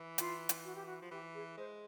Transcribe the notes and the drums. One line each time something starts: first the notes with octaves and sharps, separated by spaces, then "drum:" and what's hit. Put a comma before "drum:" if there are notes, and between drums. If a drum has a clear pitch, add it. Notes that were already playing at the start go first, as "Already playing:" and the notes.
Already playing: E3
F4, drum: hi-hat
drum: hi-hat
F#4
G4
F#4
F3
E3 G4
G#4
G#3 C5